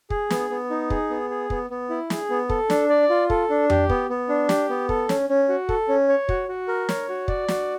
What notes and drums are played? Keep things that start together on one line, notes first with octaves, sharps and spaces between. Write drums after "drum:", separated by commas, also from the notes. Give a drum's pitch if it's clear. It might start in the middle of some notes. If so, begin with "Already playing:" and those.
G#4, drum: kick
B3, drum: snare
B3
D#4
G#4, drum: kick
B3
G#4
B3, drum: kick
B3
E4
G#4, drum: snare
B3
A4, drum: kick
D4, drum: snare
D5
F4
A4, drum: kick
D4
G4, drum: tom F2
B3, drum: kick
B3
D4
G4, drum: snare
B3
A4, drum: kick
C#4, drum: snare
C#4
F#4
A4, drum: kick
C#4
C#5
F#4, drum: kick
F#4
A#4
C#5, drum: snare
F#4
D5, drum: kick
F#4, drum: snare